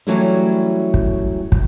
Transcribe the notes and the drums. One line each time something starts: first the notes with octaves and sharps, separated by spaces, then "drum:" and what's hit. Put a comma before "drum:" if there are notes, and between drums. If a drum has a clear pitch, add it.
E3 F#3 G3 A3 C#4 E4
drum: kick
drum: kick